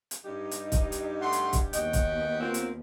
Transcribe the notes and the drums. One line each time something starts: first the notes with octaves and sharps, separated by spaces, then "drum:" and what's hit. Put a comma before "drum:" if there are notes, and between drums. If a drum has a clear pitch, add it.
drum: hi-hat
G2 D#4 G4
drum: hi-hat
drum: kick, hi-hat
drum: hi-hat
A3 F#5 C6
drum: hi-hat
drum: kick, hi-hat
D#2 B3 F#4 D#5 G5, drum: hi-hat
drum: kick, hi-hat
A#3 C4 F4
drum: hi-hat